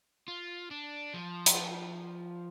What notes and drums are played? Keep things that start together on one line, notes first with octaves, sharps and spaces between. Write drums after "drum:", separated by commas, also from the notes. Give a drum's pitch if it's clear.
F4
D4
F3
drum: hi-hat